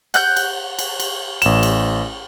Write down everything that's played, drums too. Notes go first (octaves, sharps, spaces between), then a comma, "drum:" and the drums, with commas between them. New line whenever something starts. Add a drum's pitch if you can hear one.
F#5 F#6 G6, drum: cymbal
drum: cymbal
drum: cymbal
drum: cymbal
A1 E7, drum: cymbal
drum: cymbal